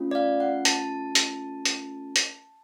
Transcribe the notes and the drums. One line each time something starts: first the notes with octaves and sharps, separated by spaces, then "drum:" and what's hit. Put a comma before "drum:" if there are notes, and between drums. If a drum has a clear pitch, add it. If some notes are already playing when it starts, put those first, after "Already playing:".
Already playing: A3 C#4 F4 A4
D5
F5
F#5
A5, drum: hi-hat
drum: hi-hat
drum: hi-hat
drum: hi-hat